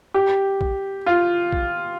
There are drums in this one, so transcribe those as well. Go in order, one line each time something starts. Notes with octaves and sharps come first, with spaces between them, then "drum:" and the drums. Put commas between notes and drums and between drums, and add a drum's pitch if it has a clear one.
G4
drum: kick A#1
F4
drum: kick A#1